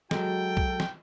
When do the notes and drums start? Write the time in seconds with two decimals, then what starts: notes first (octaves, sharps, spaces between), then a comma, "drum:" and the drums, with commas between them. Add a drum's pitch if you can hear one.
0.11 F#3 G#3 F#4 A4 G5, drum: snare
0.57 drum: kick B1
0.80 drum: snare